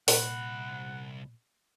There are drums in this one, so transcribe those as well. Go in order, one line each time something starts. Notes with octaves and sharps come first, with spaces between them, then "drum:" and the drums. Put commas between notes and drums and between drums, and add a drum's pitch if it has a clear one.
C2 A#2 F#5 B5, drum: open hi-hat